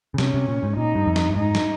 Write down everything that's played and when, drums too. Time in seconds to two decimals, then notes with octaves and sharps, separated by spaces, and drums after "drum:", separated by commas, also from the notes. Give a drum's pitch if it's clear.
0.14 C#3
0.18 C3 C#4, drum: snare
0.34 C3
0.48 A#2
0.63 G#2
0.77 A#2 D#4
0.95 G2
1.06 F2
1.16 drum: snare
1.29 G2
1.36 G#2 D#4
1.55 drum: snare